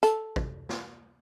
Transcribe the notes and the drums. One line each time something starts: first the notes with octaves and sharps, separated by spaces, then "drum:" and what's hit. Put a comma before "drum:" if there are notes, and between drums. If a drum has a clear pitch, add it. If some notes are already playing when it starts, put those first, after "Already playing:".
A4, drum: hi-hat
drum: kick
drum: snare